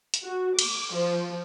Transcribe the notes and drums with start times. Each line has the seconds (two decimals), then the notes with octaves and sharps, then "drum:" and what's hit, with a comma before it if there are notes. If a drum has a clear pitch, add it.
0.14 drum: hi-hat
0.23 F#4
0.59 D6, drum: cymbal
0.94 F3